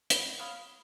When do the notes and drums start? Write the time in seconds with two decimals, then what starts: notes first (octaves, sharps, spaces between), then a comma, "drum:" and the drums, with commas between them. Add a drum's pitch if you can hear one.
0.10 F#4 B4 D#5, drum: hi-hat
0.39 C#5 F5 B5 D#6